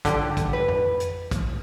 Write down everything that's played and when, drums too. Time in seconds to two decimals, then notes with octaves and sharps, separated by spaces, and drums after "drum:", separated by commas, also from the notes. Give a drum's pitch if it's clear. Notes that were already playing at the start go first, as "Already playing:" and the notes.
0.05 D3 G4, drum: kick, hi-hat
0.37 drum: kick, hi-hat
0.53 B4
0.68 drum: tom
1.00 drum: hi-hat
1.31 drum: kick, hi-hat